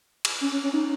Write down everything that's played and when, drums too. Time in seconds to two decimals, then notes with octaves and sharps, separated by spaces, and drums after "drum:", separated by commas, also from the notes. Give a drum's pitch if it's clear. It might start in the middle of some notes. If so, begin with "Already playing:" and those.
0.25 drum: cymbal
0.41 C#4
0.52 C#4
0.64 C#4
0.74 D#4